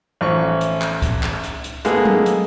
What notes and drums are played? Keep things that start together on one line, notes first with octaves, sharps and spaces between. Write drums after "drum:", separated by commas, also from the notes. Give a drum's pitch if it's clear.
A1 F3 C#6
drum: hi-hat
drum: clap
drum: kick C2, hi-hat
drum: clap
drum: hi-hat
drum: hi-hat
G#3 A#3 B3 G#4 A4, drum: hi-hat
drum: tom F#3
drum: hi-hat